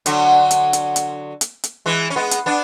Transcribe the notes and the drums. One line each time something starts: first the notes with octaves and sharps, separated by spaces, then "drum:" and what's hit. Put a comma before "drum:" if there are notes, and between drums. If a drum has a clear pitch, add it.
D3 F#3, drum: hi-hat
drum: hi-hat
drum: hi-hat
drum: hi-hat
drum: hi-hat
drum: hi-hat
E3 G#3
C#4
G#3 B3
drum: hi-hat
B3 D4